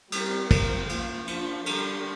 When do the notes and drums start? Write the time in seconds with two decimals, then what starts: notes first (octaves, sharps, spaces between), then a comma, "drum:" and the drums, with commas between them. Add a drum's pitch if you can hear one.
0.12 G3 C4 A#4, drum: cymbal
0.51 F3 C4 A#4, drum: kick, cymbal
0.89 F3 A#3 F4, drum: cymbal
1.27 F3 D4 F4, drum: cymbal
1.66 D3 G3 D4 A#4, drum: cymbal